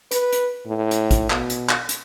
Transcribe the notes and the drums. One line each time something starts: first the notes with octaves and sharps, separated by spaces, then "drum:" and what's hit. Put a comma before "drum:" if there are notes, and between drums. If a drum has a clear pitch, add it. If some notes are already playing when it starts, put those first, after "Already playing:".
B4, drum: hi-hat
drum: hi-hat
A2
drum: hi-hat
drum: kick, hi-hat
B2, drum: clap
drum: hi-hat
drum: clap
drum: hi-hat